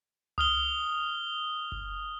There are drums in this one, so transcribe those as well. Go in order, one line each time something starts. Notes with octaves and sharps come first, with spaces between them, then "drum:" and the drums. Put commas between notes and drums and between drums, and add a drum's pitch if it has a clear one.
D#6 F6 G7, drum: tom C2
drum: kick G1